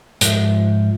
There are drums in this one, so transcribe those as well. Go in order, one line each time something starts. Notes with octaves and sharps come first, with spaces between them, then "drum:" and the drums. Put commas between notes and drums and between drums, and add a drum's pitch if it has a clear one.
G#2 F3 E5, drum: hi-hat